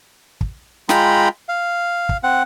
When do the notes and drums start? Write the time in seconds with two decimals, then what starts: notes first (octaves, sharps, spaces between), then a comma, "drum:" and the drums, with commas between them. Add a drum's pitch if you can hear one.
0.41 drum: kick
0.89 G#3 F4 G5 A#5 B5, drum: snare
1.49 F5
2.09 drum: kick
2.23 C4 F#5